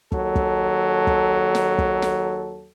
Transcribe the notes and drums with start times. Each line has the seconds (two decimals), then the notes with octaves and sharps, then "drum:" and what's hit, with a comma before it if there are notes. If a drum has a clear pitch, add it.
0.12 D#2 F#3 A4, drum: kick
0.36 drum: kick
1.07 drum: kick
1.55 drum: snare
1.78 drum: kick
2.02 drum: snare